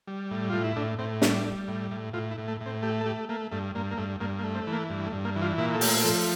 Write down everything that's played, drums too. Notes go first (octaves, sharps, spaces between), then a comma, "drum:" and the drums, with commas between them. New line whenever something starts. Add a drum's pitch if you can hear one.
G3
A2
A2 F4
E4
A2 D4
A2 C4
G3 D4, drum: snare
G3
A2
A2
A2 F4
E4
A2
A3
A2
C4
A3 G4
A4
A3 G4
A3 A#3
G2 A3
G2 A#3
A#3
G2 A3
G2 A#3
A#3
A3
C4
E3
A#3
G2
A3
G2
A#3
E3
F4
A#2 E4
A4
A3 G4, drum: open hi-hat
F3 A4